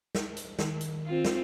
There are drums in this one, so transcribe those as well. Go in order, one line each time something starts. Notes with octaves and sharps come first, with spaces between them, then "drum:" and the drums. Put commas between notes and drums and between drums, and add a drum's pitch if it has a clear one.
drum: snare
drum: hi-hat
D#3, drum: snare
drum: hi-hat
C4 F4
drum: snare